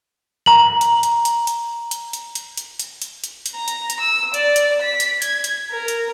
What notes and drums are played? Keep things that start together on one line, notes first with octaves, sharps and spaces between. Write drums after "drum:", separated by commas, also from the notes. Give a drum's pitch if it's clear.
A#5 F#7
drum: hi-hat
drum: hi-hat
drum: hi-hat
drum: hi-hat
drum: hi-hat
drum: hi-hat
drum: hi-hat
drum: hi-hat
drum: hi-hat
drum: hi-hat
drum: hi-hat
drum: hi-hat
A#5
drum: hi-hat
drum: hi-hat
E6
D5, drum: hi-hat
drum: hi-hat
B6
drum: hi-hat
G#6, drum: hi-hat
drum: hi-hat
A#4
drum: hi-hat